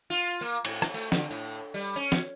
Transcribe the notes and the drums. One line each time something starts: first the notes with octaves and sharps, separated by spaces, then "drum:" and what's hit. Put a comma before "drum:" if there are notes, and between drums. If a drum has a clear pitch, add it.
F4
A#3
A2, drum: cymbal
drum: rim click
A3
D3, drum: snare
A2
G3
C#4
drum: snare